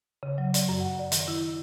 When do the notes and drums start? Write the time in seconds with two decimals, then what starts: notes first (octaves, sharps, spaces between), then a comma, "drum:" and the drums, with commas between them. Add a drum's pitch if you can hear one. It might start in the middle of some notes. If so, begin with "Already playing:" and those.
0.23 C#3
0.38 F#3
0.54 D5, drum: hi-hat
0.69 F#2
0.80 F#5
0.99 D5
1.12 D#3, drum: hi-hat
1.28 E4